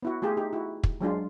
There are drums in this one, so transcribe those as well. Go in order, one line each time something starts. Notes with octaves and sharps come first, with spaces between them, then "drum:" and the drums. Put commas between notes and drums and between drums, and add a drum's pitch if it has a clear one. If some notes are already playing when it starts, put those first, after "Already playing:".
B3 E4 F#4
A3 F4 G4 G#4
D#4 G4
E4 F#4
drum: kick
F#3 G#3 D4 F4